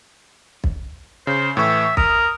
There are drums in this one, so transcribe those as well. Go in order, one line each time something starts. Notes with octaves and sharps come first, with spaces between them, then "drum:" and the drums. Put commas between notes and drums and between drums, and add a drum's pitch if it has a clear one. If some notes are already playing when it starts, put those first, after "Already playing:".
drum: kick
C#3 C5
A2 E3 E5 C#6
A#4 D#6, drum: kick